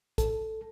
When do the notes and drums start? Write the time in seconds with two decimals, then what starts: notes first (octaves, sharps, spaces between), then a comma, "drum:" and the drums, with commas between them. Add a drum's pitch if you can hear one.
0.18 A4, drum: kick, hi-hat